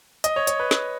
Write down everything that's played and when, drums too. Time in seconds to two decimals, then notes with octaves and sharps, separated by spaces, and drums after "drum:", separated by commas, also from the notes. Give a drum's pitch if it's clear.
0.24 D#5, drum: hi-hat
0.36 C#5
0.47 C#5, drum: hi-hat
0.59 B4
0.71 drum: snare